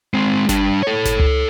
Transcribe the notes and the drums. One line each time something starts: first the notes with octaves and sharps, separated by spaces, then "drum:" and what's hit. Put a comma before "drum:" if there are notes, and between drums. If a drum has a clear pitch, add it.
G#3 C4
G3 D4, drum: snare G1
A4 C#5
drum: snare G1
drum: tom C#2